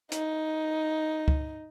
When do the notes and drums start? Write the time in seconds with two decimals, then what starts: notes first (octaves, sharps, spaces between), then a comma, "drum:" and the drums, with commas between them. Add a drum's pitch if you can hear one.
0.12 D#4, drum: hi-hat
1.28 drum: kick C#2